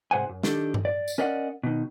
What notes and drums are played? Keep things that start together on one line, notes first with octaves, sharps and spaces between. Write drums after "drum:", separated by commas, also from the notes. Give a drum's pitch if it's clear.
C2 G#2 C5 F#5 G#5
F#2
D#3 D4 G4 A4, drum: snare
drum: tom G2
D5
drum: tambourine
C#4 A#4 D5 D#5 F5 F#5
B2 D#3